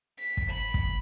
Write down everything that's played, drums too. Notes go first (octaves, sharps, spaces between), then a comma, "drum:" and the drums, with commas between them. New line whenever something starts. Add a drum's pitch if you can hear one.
B6
drum: kick
B5
drum: kick